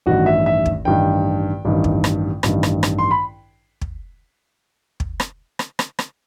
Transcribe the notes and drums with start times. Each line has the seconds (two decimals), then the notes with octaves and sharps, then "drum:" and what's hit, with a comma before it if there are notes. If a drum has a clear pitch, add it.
0.06 A1 G2 D#3 F#4
0.26 E5
0.46 E5
0.66 drum: kick
0.85 A1 G2 D#3 G5
1.65 A1 G2 D#3
1.84 drum: kick
2.04 drum: rim click
2.43 A1 G2 D#3, drum: rim click
2.63 drum: rim click
2.83 drum: rim click
2.98 C6
3.11 B5
3.81 drum: kick
5.00 drum: kick
5.20 drum: rim click
5.59 drum: rim click
5.79 drum: rim click
5.99 drum: rim click